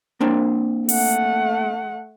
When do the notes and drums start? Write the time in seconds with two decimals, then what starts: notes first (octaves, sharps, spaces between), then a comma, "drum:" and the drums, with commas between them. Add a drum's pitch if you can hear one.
0.20 A#3 C4 D4
0.89 A3 F#5, drum: open hi-hat